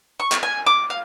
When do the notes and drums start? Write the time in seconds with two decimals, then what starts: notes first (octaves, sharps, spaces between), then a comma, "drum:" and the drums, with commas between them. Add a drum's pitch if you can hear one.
0.20 C#6
0.32 drum: clap
0.43 G#5
0.66 D6
0.90 F5